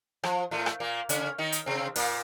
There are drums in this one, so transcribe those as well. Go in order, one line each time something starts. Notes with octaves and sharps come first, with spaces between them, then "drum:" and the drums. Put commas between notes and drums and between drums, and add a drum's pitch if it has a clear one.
F3, drum: rim click
A2 A3
drum: rim click
A#2 A#3
C#3 C#4, drum: hi-hat
D#3 D#4
drum: hi-hat
C3 C4
A#2 A#3, drum: open hi-hat